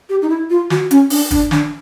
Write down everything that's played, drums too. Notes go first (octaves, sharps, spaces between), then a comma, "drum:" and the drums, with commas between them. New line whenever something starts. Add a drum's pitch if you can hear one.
G4
D#4
E4
F4
F#4, drum: snare
C#4, drum: hi-hat
D4, drum: open hi-hat
D4, drum: kick, hi-hat
D4, drum: snare